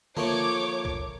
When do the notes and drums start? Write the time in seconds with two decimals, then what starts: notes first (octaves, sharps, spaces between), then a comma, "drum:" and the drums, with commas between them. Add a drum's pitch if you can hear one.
0.17 F3 A3 A#3 C#5 D6, drum: tom D3
0.85 drum: kick